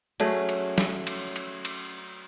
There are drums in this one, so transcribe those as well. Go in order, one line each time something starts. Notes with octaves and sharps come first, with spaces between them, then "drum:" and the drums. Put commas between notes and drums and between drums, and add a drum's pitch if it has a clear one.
F#3 A3 C#4 G#4, drum: cymbal
drum: cymbal
drum: snare
drum: cymbal
drum: cymbal
drum: cymbal